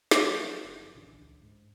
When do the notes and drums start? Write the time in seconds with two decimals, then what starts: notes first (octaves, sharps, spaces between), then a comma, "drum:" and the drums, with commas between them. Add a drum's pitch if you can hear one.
0.11 drum: snare
0.23 F#3
0.43 F3
0.65 F#1
0.95 A#1 C#3 E3 D4
1.21 C#2
1.42 G#2